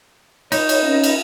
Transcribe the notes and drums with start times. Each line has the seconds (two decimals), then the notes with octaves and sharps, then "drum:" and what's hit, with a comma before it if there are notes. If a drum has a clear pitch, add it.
0.52 D#4 C#5, drum: cymbal
0.69 drum: cymbal
0.83 C#4
1.03 drum: cymbal